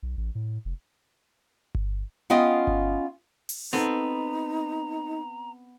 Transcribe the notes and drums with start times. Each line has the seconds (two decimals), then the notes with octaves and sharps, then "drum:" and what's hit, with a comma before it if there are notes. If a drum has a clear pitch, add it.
0.03 B1
0.17 A1
0.35 A2
0.65 F1
1.75 drum: kick G1
2.30 B3 C#4 F4 D#5 F5 G5
2.67 drum: kick G1
3.49 drum: open hi-hat
3.73 B3 C4 D#4 A4 A#5